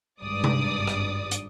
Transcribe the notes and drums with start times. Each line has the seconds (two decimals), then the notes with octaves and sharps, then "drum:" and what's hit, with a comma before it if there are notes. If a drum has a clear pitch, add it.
0.22 G#1 G2 D5 D#6
0.44 drum: tom C3
0.88 drum: rim click
1.31 drum: hi-hat